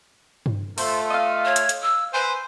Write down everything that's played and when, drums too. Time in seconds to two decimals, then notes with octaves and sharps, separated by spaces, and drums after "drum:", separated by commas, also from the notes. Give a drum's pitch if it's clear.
0.46 drum: tom G2
0.78 A3 F4 A4 C5, drum: open hi-hat
1.10 D#5 F5
1.45 C#5
1.56 drum: hi-hat
1.69 drum: hi-hat
1.82 E6
2.13 B4 C5 G#5